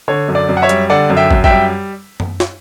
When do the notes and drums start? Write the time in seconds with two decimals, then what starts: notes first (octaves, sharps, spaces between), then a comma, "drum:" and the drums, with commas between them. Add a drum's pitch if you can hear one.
0.08 D3 C#5
0.28 F#2
0.35 D5
0.49 F#2
0.57 F#5
0.62 C#5 E5
0.69 G3, drum: hi-hat
0.90 D3 D5 F#5
1.10 F#2
1.17 E5 G5
1.31 F#2, drum: kick
1.44 E5 G5, drum: kick
1.51 G3
2.20 drum: tom F#2
2.40 drum: snare